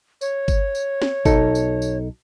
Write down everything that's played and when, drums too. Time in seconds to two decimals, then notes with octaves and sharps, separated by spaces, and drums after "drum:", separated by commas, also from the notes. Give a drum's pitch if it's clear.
0.21 C#5, drum: tambourine
0.48 drum: kick G1, tambourine
0.75 drum: tambourine
1.02 drum: snare
1.25 B1 D#4 A4, drum: kick G1, tambourine
1.55 drum: tambourine
1.82 drum: tambourine